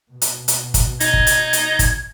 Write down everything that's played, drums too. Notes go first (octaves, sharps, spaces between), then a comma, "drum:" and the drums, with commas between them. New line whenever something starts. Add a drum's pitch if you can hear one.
B2
drum: hi-hat
drum: hi-hat
drum: kick, hi-hat
D#4 G#6, drum: hi-hat
drum: kick
drum: hi-hat
drum: hi-hat
drum: kick, hi-hat